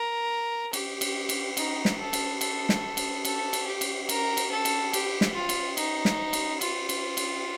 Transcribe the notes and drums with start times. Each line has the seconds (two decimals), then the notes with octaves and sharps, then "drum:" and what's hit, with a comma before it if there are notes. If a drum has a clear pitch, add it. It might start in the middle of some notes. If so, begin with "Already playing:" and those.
Already playing: A#4
0.73 G4, drum: cymbal
1.01 drum: cymbal
1.29 drum: cymbal
1.57 D#4, drum: cymbal
1.85 drum: snare
1.99 A4
2.13 drum: cymbal
2.41 A4, drum: cymbal
2.69 drum: snare
2.97 drum: cymbal
3.25 A4, drum: cymbal
3.53 drum: cymbal
3.67 G4
3.81 drum: cymbal
4.09 A#4, drum: cymbal
4.37 drum: cymbal
4.51 A4
4.65 drum: cymbal
4.93 G4, drum: cymbal
5.21 drum: snare
5.35 F4
5.49 drum: cymbal
5.77 D#4, drum: cymbal
6.05 drum: snare
6.33 drum: cymbal
6.61 F4, drum: cymbal
6.89 drum: cymbal
7.17 drum: cymbal